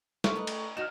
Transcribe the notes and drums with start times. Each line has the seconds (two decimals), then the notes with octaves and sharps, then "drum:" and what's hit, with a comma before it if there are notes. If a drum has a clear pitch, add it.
0.24 A3 C5 E5 F5 C#6, drum: snare
0.36 A#4 B4 D#5
0.47 drum: cymbal
0.77 D#4 F#4 F6 E7